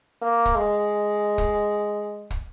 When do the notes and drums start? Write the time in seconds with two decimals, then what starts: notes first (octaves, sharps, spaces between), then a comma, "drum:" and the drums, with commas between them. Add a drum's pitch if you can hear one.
0.22 A#3
0.46 drum: kick
0.56 G#3
1.38 drum: kick
2.31 drum: kick